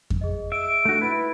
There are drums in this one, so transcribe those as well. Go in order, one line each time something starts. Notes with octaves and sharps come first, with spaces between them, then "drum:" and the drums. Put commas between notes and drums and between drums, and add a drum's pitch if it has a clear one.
drum: kick F2
G#4 D#5
E5 D7
A3 D4 D#4 F#4 F#6
E4 B4 B5 A6